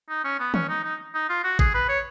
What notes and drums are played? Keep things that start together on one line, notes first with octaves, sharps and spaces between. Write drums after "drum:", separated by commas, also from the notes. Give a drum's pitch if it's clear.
D#4
C#4
B3
C#4, drum: tom D#3
D#4
D#4
D#4
F4
F#4
G#4, drum: kick A1
B4
C#5